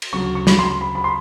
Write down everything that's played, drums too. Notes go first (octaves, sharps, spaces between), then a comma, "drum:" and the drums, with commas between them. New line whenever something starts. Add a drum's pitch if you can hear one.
drum: cymbal
D2 C#3 F#3 C#6
C#6
B5, drum: snare
C6
B5
B5
C6